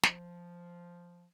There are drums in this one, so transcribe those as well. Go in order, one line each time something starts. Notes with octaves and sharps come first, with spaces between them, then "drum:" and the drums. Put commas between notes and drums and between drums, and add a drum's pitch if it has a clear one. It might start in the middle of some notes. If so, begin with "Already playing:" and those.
F3, drum: snare